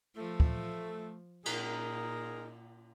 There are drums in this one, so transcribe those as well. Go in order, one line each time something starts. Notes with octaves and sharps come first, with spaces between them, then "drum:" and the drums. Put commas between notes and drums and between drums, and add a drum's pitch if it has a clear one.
F3 A3
drum: kick
A#2 D#4 G#4 A#4, drum: cymbal